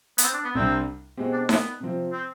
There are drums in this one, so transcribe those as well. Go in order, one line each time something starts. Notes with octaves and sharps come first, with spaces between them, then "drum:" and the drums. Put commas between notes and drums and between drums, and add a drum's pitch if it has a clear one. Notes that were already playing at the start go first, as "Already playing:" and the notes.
B3, drum: hi-hat
C4
D4
B3
C2 C3 G3 C4 D4
B2 G#3 C4 G4
D4
B3, drum: snare D#4
C3 F3 C4
C4